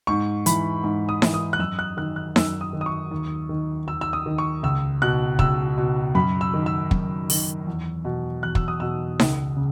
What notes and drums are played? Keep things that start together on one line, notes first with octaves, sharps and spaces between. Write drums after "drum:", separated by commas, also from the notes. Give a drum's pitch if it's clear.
G#2 C#6
E3 B5, drum: hi-hat
G#2
D#6
E3, drum: snare D#4
D#6
F#6
F#2 E6
F#6
D#3 F#6
F#6
F#2 E6, drum: snare D#4
D#6
D#3
D#6
C#6
D#2
D#3
D#2 E6
E6
D#6
D#3
C#6
C#2 E6
B2 F#6
C#2 E6, drum: kick
B2
F#2 B5
E6
D#3
E6
F#2, drum: kick
D#3, drum: open hi-hat
E2
B2
E2 F#6
E6, drum: kick
D#6
B2 E6
C#2, drum: snare D#4
C#3